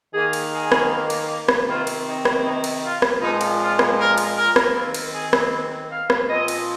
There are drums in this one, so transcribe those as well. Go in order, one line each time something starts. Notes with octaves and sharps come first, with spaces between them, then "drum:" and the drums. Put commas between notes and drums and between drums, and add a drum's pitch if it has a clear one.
D#3 A#3 G#4
drum: cymbal
G#4
drum: rim click
drum: cymbal
drum: rim click
C3 D#3 C4 F4
drum: cymbal
D#4
drum: rim click
D#4
drum: cymbal
F4
drum: rim click
A#2 F3 G#3 C4 D#4
drum: cymbal
F4
drum: rim click
A#4
drum: cymbal
A#4
drum: rim click
D#3 C4 F4
drum: cymbal
G#4
drum: rim click
F5
drum: rim click
A#2 F3 C4 D#5
drum: cymbal